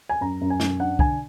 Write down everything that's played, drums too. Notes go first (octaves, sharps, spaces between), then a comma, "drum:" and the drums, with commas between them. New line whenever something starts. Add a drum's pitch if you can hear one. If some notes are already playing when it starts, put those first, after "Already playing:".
G#5
F#2 A#5
F#2
G#5
F#2, drum: snare
D4 F#5
D3 G#5, drum: kick C2